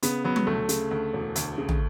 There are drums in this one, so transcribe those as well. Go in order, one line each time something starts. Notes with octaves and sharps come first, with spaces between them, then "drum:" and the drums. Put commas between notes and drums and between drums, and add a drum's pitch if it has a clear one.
C#3 B3, drum: hi-hat
F#3 B3
drum: tom
D2 A3
C#3, drum: hi-hat
D2
E1
D2, drum: hi-hat
C#3
drum: tom